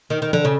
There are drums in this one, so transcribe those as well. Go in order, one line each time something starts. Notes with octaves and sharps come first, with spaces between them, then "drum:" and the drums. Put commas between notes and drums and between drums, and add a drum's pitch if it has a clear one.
D#3
D#3
D3, drum: tom E3
C#3